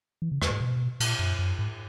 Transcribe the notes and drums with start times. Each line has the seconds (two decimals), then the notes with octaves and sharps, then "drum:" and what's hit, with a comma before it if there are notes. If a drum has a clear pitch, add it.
0.22 E3
0.32 C#3
0.42 E2, drum: rim click
0.51 G#2
0.60 B2
1.00 A#2, drum: cymbal
1.19 F#2
1.39 F#2
1.59 G#2